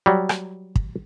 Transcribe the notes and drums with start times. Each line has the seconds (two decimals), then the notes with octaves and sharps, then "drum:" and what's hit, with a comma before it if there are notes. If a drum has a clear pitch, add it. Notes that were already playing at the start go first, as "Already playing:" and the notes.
0.06 F#3 G3
0.29 drum: rim click
0.75 drum: kick